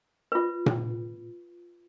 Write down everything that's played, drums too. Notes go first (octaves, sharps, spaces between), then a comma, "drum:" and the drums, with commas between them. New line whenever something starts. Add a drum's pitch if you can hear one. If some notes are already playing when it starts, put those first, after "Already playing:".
F4 B4
drum: tom A#2